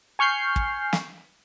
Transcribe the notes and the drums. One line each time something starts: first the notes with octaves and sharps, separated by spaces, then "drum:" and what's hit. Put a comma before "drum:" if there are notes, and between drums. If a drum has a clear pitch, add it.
G#5 C#6 F6 G6 C7
drum: kick
drum: snare